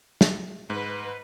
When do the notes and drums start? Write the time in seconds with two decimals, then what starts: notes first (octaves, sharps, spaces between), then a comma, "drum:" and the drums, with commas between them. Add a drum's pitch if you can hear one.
0.21 A3, drum: snare
0.70 G#2 B4